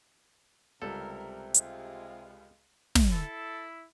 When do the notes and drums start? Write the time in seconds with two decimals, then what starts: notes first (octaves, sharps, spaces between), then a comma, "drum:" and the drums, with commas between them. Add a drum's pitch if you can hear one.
0.82 C#2 C3 G3 A4 A#4
1.55 G#3 F4, drum: hi-hat
2.95 drum: snare
3.12 E4 A4